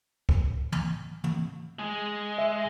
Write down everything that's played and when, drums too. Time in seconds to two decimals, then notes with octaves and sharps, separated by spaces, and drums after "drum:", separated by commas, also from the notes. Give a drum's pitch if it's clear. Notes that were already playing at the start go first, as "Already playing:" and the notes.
0.29 drum: kick
0.72 drum: tom
1.24 drum: tom
1.79 G#3
2.38 E5